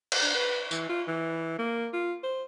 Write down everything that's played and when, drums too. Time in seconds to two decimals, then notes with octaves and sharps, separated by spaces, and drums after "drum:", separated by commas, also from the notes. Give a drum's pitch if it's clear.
0.12 drum: cymbal
0.22 D4
0.35 B4
0.71 E3, drum: tambourine
0.89 F4
1.08 E3
1.59 A#3
1.93 F4
2.23 C5